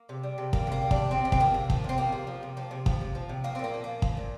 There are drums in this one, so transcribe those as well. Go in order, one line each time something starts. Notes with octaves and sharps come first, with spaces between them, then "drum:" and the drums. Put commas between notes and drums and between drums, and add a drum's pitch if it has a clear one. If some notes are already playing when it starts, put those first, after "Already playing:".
Already playing: A#3
C3
G3
C3
G3 A#3, drum: kick
C3 A#3
G3
D4, drum: kick
C3
F3 C4
C3
C4, drum: kick
F3 A#3
C3
F3 A#3, drum: kick
C3 C4
F3 A#3
C3
F3
C3
F3
C3
F3, drum: kick
C3
F3
C3
F3 A#3
C4
A#2 A#3
F3
A#2 A#3
F3, drum: kick
A#2